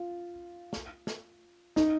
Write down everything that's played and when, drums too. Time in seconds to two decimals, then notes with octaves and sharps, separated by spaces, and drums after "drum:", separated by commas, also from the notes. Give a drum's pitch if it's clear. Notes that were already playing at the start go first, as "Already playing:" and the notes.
Already playing: F4
0.73 drum: snare
1.07 drum: snare
1.76 D#4, drum: snare